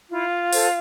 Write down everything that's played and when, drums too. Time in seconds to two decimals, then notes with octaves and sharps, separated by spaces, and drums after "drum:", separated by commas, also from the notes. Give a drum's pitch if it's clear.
0.10 E4 F4 F5
0.53 A4 C5, drum: open hi-hat